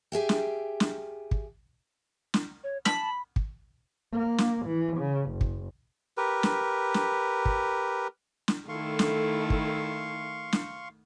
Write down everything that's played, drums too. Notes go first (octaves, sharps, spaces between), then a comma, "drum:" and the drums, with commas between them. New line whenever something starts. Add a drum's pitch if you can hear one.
G4 G#4 E5 G5
drum: snare
drum: snare
drum: kick
drum: snare
C#5
A5 B5, drum: snare
drum: kick
A#3
drum: snare
E3
C#3
F#1
drum: kick
G4 A#4 B4
drum: snare
drum: snare
drum: kick
drum: snare
D#3 A3 E4 A4 F5 C6 C#6
drum: snare
drum: kick
drum: snare